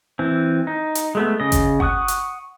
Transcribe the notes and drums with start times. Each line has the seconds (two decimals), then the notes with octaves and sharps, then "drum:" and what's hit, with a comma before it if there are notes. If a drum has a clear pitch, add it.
0.19 E3 C4
0.67 D#4
0.95 drum: hi-hat
1.15 G#3 A3 B3
1.40 C#3 D#5
1.52 drum: kick G1, hi-hat
1.80 F#5 C#6 D#6 F#6, drum: kick G1
2.08 drum: hi-hat